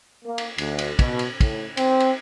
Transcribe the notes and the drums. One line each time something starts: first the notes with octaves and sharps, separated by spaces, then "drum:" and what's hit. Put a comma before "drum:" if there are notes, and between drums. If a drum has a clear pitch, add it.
A#3
drum: cymbal
D2, drum: cymbal
drum: cymbal
B2, drum: kick, cymbal
drum: cymbal
A2, drum: kick, cymbal
C4, drum: cymbal
drum: cymbal